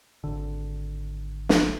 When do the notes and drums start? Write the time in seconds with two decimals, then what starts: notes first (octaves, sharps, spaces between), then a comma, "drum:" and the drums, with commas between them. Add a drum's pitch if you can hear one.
0.24 G#1 D3
1.49 drum: snare